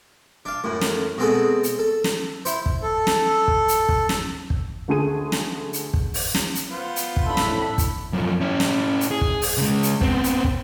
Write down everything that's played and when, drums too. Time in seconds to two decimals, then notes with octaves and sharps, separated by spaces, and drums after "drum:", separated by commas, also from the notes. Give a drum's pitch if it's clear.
0.45 D4 F5
0.64 F#2 A2
0.81 drum: snare
1.18 B2 G#3 C4 F#4 G#4 A4
1.63 drum: hi-hat
1.79 A4
2.04 drum: snare
2.45 E4 C5, drum: hi-hat
2.66 drum: kick
2.82 A4
3.07 drum: snare
3.48 drum: kick
3.68 drum: hi-hat
3.89 drum: kick
4.09 drum: snare
4.50 drum: kick
4.88 D2 D3 A3 G#4 D#7
5.32 drum: snare
5.73 drum: hi-hat
5.94 drum: kick
6.14 drum: open hi-hat
6.34 drum: snare
6.55 drum: hi-hat
6.71 B3 F4 C5
6.96 drum: hi-hat
7.16 drum: kick
7.26 A2 D4 A4 E5 B5
7.37 drum: snare
7.78 drum: kick, hi-hat
8.13 F#2 F3
8.41 C#4 E4
8.60 drum: snare
9.01 drum: hi-hat
9.11 G#4
9.21 drum: kick
9.42 drum: open hi-hat
9.58 C#3 G#3
9.83 drum: hi-hat
10.01 B3 C4, drum: kick
10.24 drum: hi-hat
10.44 drum: kick